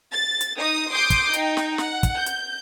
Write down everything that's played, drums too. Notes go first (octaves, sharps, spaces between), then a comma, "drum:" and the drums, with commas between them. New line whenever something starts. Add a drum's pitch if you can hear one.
A6
drum: hi-hat
D#4 D#6
C6 D6 D#6 G6 C7 D7
drum: kick, hi-hat
D#4 G5, drum: hi-hat
drum: snare
F#5, drum: snare
drum: kick, hi-hat
G6
drum: hi-hat